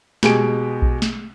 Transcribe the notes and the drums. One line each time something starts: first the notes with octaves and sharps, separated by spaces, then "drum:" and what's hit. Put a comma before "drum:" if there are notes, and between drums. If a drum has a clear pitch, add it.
B2 G#3 G4 G#5 D7, drum: snare
drum: kick A#1
drum: snare